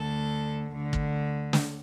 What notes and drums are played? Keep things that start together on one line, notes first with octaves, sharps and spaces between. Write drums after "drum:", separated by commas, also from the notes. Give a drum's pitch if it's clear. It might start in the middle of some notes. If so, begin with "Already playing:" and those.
Already playing: D2 D3 A4
D2 D3
drum: kick
drum: snare